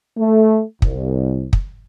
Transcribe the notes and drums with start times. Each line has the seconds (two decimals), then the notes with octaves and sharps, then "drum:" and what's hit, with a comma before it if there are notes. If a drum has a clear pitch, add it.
0.17 A3
0.82 C2, drum: kick
1.53 drum: kick